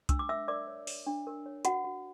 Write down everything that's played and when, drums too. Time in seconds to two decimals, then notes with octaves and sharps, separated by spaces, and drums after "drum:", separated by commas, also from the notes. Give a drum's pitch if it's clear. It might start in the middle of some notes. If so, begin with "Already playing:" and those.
0.09 D4 E6, drum: kick, hi-hat
0.19 D6
0.29 A#4 E5 E6
0.48 A#4 D5 D6
0.67 C#5
0.87 C#5, drum: open hi-hat
1.06 D4
1.27 A#4
1.46 C#5
1.65 F#4 F#5, drum: hi-hat
1.84 F#4